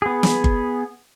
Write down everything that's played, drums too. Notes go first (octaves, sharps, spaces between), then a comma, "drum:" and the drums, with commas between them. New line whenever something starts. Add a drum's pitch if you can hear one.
B3 G#4
drum: snare
drum: kick G1